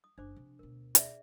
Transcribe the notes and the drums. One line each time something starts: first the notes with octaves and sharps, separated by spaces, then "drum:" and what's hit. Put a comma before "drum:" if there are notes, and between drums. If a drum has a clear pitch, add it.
D#6
F#1 D4 C5 D6
C3 F3
D2 B2 A#4
G#4 D5 E5, drum: hi-hat